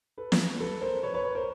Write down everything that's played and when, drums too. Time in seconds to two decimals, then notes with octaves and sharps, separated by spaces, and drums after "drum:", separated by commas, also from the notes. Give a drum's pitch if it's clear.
0.18 A4 B4
0.32 drum: snare
0.60 A4 B4
0.81 A#4 C5
1.03 B4 C#5
1.14 B4 C#5
1.24 B4 C#5
1.35 A#4 C5